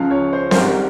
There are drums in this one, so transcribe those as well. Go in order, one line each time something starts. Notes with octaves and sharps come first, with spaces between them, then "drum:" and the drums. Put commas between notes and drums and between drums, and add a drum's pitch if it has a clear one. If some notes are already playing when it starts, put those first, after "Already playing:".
Already playing: C#2 C#3 F3 F5
C#5
C5
C5, drum: snare C4
G#1 G#2 G3 A#4